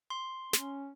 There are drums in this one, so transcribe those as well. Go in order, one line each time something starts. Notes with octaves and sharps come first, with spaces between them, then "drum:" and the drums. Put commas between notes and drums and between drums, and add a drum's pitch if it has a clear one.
C6
C#4, drum: snare